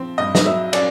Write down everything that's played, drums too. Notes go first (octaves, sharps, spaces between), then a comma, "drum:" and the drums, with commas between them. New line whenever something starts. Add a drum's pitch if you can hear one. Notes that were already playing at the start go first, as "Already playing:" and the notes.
Already playing: F3 C4
G2 D#5
D#5, drum: snare
F#3 E5
C#4 D5, drum: cymbal